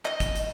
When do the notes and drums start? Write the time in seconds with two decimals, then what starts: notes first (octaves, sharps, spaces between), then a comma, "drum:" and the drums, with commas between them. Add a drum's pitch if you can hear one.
0.05 D#5, drum: clap
0.20 drum: kick, hi-hat
0.36 drum: hi-hat